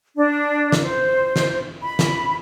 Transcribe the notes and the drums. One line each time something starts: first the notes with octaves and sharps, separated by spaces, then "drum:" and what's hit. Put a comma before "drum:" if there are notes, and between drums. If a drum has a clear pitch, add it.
D4
drum: snare
C5
drum: snare
B5
drum: snare